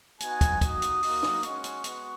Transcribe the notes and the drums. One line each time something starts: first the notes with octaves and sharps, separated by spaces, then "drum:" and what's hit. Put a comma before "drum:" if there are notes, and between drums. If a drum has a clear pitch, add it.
B3 D#4 F#4 G#5, drum: hi-hat
drum: kick, hi-hat
A#3 D#4 F#4 D#6, drum: kick, hi-hat
drum: hi-hat
A#3 D#4 F#4, drum: open hi-hat
drum: snare
G#3 C#4 F#4 C#6, drum: hi-hat
drum: hi-hat
G#3 B3 F#4, drum: hi-hat